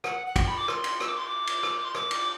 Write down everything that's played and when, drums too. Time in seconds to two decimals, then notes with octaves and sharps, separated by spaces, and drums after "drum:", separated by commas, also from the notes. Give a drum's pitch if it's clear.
0.04 F#5, drum: rim click
0.27 F#5
0.36 G5, drum: kick, cymbal
0.47 B5
0.57 D6
0.68 C6, drum: rim click
0.84 drum: cymbal
1.00 E6, drum: rim click
1.08 D6
1.17 C6
1.27 D6
1.47 drum: cymbal
1.63 drum: rim click
1.85 C6
1.95 D6, drum: rim click
2.11 drum: cymbal